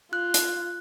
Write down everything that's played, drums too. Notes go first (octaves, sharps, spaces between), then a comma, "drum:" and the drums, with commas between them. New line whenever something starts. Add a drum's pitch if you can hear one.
F4 F#6
drum: hi-hat